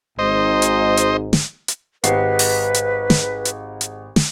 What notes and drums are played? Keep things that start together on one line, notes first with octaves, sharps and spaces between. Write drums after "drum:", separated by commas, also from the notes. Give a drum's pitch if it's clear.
G#1 G#2 C5 D#5
drum: hi-hat
drum: hi-hat
drum: snare
drum: hi-hat
G#1 G4 G#4 B4 D#5 F#5 C7, drum: hi-hat
drum: open hi-hat
drum: hi-hat
drum: snare
drum: hi-hat
drum: hi-hat
drum: snare